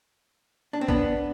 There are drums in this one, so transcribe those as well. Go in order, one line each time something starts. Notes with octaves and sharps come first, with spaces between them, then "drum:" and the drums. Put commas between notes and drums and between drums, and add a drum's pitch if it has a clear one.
D4
C4
B3 D4, drum: kick A#1